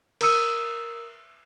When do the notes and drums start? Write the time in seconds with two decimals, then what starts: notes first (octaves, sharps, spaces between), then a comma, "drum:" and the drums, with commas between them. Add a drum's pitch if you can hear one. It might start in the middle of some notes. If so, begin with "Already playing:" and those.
0.21 A#4 A#5 D#6 E6 C#7 D#7, drum: cymbal